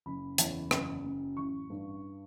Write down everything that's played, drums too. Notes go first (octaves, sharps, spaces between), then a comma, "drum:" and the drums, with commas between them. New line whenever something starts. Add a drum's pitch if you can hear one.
F#1 B5
E2, drum: hi-hat
F#1, drum: rim click
F#2
A1 C#6
G2